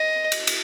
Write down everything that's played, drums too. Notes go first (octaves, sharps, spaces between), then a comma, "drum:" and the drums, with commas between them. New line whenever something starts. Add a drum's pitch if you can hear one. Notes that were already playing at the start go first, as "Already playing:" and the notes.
Already playing: D#5
drum: cymbal
drum: cymbal